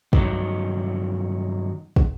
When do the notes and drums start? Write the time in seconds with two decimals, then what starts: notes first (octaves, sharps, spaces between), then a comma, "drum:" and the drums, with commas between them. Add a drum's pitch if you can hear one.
0.13 G2 D#3 F#3, drum: kick
1.96 drum: kick